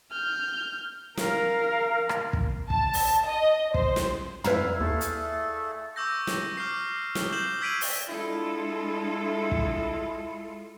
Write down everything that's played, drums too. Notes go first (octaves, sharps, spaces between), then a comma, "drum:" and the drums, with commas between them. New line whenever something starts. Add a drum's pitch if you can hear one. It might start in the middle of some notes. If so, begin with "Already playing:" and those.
F6 G6
A#4 F5, drum: snare
drum: rim click
drum: kick
A5, drum: kick
drum: open hi-hat
D#5
C5, drum: kick
drum: snare
E4 B4 E5 F5 A#5, drum: tom
D#2 A3 G#4 A4
drum: hi-hat
C#6 D6 E6 G6 A#6
drum: snare
D6 F6 G6 C7
G7, drum: snare
G6 C7 E7 F#7 G7
E6 G#6 B6 D7 D#7 F#7
drum: open hi-hat
G#3 D4 E4 F4 A4
drum: kick